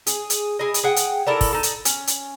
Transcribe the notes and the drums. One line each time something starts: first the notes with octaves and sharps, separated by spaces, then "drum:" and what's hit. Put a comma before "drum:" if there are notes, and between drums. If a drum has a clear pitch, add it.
G#4, drum: hi-hat
drum: hi-hat
E4 G#4 D#5
drum: hi-hat
G#4 F#5 G5
drum: hi-hat
E4 A4 A#4 D5
drum: kick, open hi-hat
D#4 A4
drum: hi-hat
C#4, drum: hi-hat
drum: hi-hat